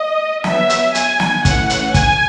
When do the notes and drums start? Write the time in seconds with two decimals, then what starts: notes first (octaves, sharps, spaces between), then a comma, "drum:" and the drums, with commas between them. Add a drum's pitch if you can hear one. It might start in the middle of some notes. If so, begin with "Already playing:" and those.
Already playing: D#5
0.44 F#3 B3 E5, drum: snare
0.70 drum: hi-hat
0.95 G#5, drum: hi-hat
1.20 drum: snare
1.45 E3 A3 C#4 F#5, drum: kick, hi-hat
1.70 drum: hi-hat
1.94 G#5, drum: kick, hi-hat